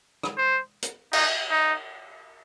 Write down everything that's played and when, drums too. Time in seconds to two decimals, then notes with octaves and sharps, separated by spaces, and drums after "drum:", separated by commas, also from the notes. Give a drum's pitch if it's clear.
0.23 drum: rim click
0.38 C5
0.82 drum: hi-hat
1.13 D#4, drum: cymbal
1.51 D#4